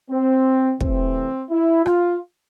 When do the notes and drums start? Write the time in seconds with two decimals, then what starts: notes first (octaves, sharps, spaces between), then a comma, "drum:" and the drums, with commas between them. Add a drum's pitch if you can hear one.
0.11 C4
0.81 C3 E3 A3 C4, drum: kick
1.50 E4
1.86 F4, drum: rim click